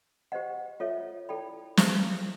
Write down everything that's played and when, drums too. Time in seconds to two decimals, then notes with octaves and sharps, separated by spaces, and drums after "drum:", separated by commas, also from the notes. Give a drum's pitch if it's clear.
0.32 G4 C5 D#5 F#5
0.80 F4 A4 C#5 E5
1.29 E4 A4 D5 G5 B5
1.77 E4 G#4 C5 F5 A5, drum: snare